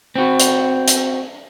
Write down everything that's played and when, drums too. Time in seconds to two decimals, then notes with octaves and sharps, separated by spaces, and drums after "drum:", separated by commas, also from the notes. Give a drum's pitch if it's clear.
0.16 C4 F#4
0.40 drum: hi-hat
0.88 drum: hi-hat